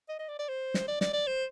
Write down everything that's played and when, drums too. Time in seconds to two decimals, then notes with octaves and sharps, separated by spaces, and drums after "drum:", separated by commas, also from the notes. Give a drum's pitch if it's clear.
0.09 D#5
0.19 D#5
0.28 D5
0.39 D5
0.48 C5
0.74 drum: snare
0.88 D5
1.01 D5, drum: snare
1.13 D5
1.27 C5